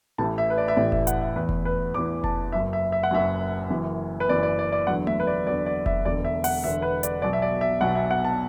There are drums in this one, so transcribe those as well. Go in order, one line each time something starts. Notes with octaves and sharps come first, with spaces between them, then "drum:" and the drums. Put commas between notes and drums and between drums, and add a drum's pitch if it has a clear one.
A1 A2 E3 A5
E5
B4
D5
E5
A1 A2 E3 D5
E5, drum: kick F1
F#5, drum: hi-hat
E5
E2 E3 B4
drum: kick F1
B4
E2 E3 D6
A5, drum: kick F1
F#1 F#2 F#3 E5
E5
E5
F#5
F#1 F#2 F#3 E5
F#1 F#2 E3
B4
F#1 F#2 E3 D5
D5
D5
D5
E2 D3 F#3 F#5
E5, drum: tom A3
B4
D5
E2 D3 F#3 D5
D5
E5, drum: kick F1
E1 E2 D3 D5
E5
F#5, drum: open hi-hat
E1 E2 D3 E5
B4
D5, drum: hi-hat
B1 B2 F#3 D5
E5
D5
E5
B1 B2 F#3 F#5
E5
F#5
A5